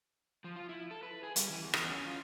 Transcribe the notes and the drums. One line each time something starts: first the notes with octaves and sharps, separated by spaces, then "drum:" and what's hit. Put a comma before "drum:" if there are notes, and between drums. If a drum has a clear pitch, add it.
F3
F4
E4
A4
B4
G#4
G3, drum: hi-hat
E3
E2
drum: rim click
C#4
F4